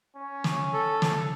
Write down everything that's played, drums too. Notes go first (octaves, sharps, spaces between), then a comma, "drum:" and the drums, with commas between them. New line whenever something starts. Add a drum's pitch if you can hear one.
C#4
drum: snare
A4
drum: snare